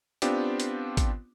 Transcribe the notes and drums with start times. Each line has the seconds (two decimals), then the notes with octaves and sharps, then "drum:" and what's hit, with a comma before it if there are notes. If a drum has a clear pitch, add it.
0.22 B3 C4 D4 F4 G4, drum: hi-hat
0.60 drum: hi-hat
0.97 drum: kick, hi-hat